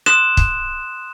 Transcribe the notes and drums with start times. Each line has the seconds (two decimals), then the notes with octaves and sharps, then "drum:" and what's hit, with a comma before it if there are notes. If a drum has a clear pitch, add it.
0.06 C6 D#6 F#6 E7, drum: rim click
0.37 drum: kick